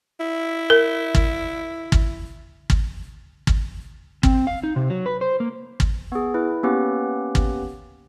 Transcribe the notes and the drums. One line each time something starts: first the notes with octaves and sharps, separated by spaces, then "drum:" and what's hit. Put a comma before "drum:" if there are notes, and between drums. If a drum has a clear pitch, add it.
E4
A#4
drum: kick
drum: kick
drum: kick
drum: kick
C4, drum: kick
F5
D#4
C3
F#3
B4
C5
A#3
drum: kick
B3 G#4
E4 B4
A#3 B3 C#4 G4 B4
drum: kick